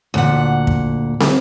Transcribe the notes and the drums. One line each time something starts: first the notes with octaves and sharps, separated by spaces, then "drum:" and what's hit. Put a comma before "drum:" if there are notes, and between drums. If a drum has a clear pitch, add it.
D2 A#2 F#5
drum: kick
drum: snare